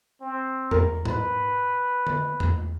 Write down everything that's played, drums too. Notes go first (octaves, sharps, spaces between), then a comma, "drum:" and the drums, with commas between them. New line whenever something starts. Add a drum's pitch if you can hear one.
C4
A#4, drum: tom E2
B4, drum: tom G#2
drum: tom D3
drum: tom E2